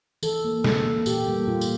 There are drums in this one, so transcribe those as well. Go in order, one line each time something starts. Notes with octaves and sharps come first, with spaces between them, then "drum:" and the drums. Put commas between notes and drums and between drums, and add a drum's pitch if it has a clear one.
E3 A4, drum: tambourine
A#3
E3 A4, drum: snare
A#3
A#2 G4, drum: tambourine
G3 A#3
A#2 F4
drum: tambourine